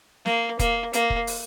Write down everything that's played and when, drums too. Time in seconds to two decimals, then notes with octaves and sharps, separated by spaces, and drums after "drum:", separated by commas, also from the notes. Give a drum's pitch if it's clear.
0.26 A#3, drum: snare
0.59 A#3, drum: kick, hi-hat
0.93 A#3, drum: hi-hat
1.10 drum: kick
1.27 drum: open hi-hat